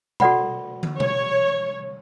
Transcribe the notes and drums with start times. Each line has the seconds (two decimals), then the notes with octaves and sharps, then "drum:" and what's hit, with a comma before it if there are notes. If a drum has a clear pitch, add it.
0.20 F#4 A4 D5 F#5 B5, drum: tom
0.83 drum: tom
1.00 C#5, drum: tom